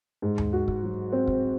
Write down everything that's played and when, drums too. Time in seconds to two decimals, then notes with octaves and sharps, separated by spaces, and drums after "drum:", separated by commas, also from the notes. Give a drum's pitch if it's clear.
0.22 G#2
0.38 drum: tom D#2
0.53 F#4
0.68 drum: kick
0.83 F#3
1.12 C4
1.27 drum: kick